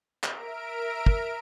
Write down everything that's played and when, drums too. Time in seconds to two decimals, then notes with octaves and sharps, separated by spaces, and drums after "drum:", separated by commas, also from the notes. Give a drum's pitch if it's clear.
0.23 A#4 E5 D7, drum: clap
1.06 drum: kick